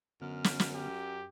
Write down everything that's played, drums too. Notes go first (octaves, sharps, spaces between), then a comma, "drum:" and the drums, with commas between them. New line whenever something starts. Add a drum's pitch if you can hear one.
F#2 D3 B3 F6
drum: snare
drum: snare
G4